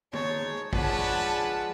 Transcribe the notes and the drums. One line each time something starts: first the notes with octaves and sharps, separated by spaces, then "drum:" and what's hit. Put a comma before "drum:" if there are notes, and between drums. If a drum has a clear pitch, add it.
G#3 D#4 C#5 A5, drum: tom
F3 G#3 C#4 D4 B4 F#5 A5, drum: kick